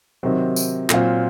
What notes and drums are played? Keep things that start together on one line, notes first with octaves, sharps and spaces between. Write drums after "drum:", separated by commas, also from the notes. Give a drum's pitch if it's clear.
C3 D#3 F#3 C4
drum: tambourine
A#2 F#3 C4 F4, drum: clap